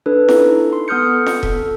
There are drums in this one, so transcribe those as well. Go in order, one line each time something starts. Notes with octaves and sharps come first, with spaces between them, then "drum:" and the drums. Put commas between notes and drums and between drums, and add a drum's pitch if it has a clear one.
D4 A4 B4
D#4 E4 A4, drum: snare
C6
B3 A4 D#6 F6 G6 C#7
drum: snare
A4, drum: kick E1